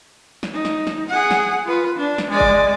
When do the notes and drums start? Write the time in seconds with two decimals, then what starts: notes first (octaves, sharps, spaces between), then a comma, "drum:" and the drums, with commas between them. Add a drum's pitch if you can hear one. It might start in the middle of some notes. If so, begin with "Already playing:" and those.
0.43 drum: snare
0.53 D#4
0.65 drum: snare
0.87 drum: snare
1.09 G#4 F#5
1.31 drum: snare
1.66 F4 B4
1.96 D4
2.18 drum: snare
2.30 G#3 D5
2.40 drum: kick